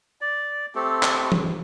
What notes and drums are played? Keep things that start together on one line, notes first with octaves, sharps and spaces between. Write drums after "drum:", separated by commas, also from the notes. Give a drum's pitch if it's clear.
D5
A3 C4 G4 A4
drum: clap
drum: tom E3